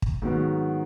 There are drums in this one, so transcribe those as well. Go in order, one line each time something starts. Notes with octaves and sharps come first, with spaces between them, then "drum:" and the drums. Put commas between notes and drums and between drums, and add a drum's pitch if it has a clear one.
drum: kick
G#2 D#3 F#3 B3 F#4